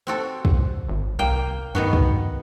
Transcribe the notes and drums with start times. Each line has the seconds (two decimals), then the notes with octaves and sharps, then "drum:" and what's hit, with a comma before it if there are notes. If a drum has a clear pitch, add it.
0.07 C4 F#4 A4
0.45 drum: kick
0.89 G#1
1.19 C2 A#3 G5
1.75 G2 D#3 B3 F#4
1.93 drum: kick